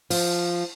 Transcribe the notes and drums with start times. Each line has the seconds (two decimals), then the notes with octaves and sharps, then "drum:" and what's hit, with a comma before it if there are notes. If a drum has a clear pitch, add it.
0.10 F3, drum: open hi-hat